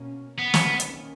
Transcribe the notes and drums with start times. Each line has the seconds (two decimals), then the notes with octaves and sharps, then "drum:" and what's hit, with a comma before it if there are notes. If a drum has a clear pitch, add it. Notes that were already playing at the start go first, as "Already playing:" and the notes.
Already playing: B2 A#3 C#4
0.38 B3
0.54 drum: snare
0.80 D#3 A#3 C#4, drum: hi-hat